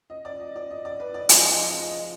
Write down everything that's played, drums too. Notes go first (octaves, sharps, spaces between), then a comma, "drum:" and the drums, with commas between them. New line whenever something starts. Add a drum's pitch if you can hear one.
D#5
D5
D#5
D5
D#5
D5
B4
D5
F3 G#3 D#4 D#5, drum: hi-hat
D#5
D#5
D#5